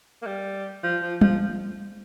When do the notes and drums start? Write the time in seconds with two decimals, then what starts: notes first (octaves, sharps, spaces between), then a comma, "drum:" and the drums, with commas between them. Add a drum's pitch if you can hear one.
0.22 A#3
0.26 G3
0.83 F3
1.02 F3
1.21 F3, drum: tom